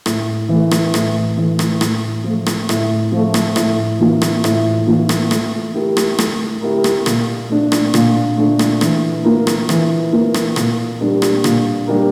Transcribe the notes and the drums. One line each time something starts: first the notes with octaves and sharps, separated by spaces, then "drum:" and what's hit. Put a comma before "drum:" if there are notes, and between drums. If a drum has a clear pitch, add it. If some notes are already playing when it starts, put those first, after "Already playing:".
A2, drum: rim click
E3 A3
drum: rim click
A2, drum: rim click
E3 A3
drum: rim click
A2, drum: rim click
F3 A3
drum: rim click
A2, drum: rim click
F3 A3
drum: rim click
A2, drum: rim click
E3 A#3 F4
drum: rim click
A2, drum: rim click
E3 A#3 F4
drum: rim click
A3, drum: rim click
E4 G4 A#4
drum: rim click
A3, drum: rim click
E4 G4 A#4
drum: rim click
A#2, drum: rim click
A3 D4
drum: rim click
A#2, drum: rim click
A3 D4
drum: rim click
E3, drum: rim click
A#3 F4 A#4
drum: rim click
E3, drum: rim click
A#3 F4 A#4
drum: rim click
A#2, drum: rim click
G3 D4 G4 A#4
drum: rim click
A#2, drum: rim click
G3 D4 G4 A#4